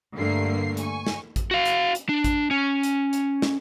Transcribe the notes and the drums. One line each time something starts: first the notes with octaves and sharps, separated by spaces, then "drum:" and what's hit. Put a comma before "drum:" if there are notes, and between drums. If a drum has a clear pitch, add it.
G2 D3 A3 A#3 A#4 C7
G#5 C#6, drum: hi-hat
drum: snare
drum: kick A1, hi-hat
F#4 F5
drum: hi-hat
drum: hi-hat
D4
drum: kick A1, hi-hat
C#4
drum: hi-hat
drum: hi-hat
drum: snare